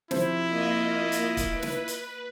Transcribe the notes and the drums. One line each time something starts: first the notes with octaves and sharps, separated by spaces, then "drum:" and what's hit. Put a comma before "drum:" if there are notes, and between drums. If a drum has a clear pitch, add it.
C3 F3 E4 C5, drum: snare
A#3 F4 D#5
drum: hi-hat
drum: kick, hi-hat
B4 D7
drum: snare
drum: hi-hat